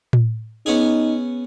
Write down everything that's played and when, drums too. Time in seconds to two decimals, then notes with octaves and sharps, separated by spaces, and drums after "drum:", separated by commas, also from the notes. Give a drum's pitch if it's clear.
0.13 drum: tom A2
0.66 B3 C#4 D#4 G#4